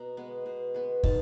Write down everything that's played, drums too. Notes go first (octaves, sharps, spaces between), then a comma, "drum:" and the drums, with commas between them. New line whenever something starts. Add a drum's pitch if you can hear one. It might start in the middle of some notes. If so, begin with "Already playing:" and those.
Already playing: B2 A#5
G#3 B3
B2
G#3 B3
D#3 A5, drum: kick